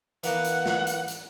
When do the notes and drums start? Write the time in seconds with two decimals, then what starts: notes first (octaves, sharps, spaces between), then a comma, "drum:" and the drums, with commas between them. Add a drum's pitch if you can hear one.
0.24 E3 A#3 B3 F#5, drum: hi-hat
0.45 drum: hi-hat
0.66 drum: snare
0.87 drum: hi-hat
1.08 drum: hi-hat